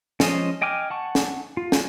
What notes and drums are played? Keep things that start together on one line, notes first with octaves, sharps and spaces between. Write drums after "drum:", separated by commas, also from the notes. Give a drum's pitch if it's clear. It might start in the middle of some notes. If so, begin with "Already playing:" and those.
F3 G#3 C#4 C5 D#5, drum: snare
D#5 G5 G#5 D6 F6
F#5 A5 C#6
drum: snare
F4
drum: snare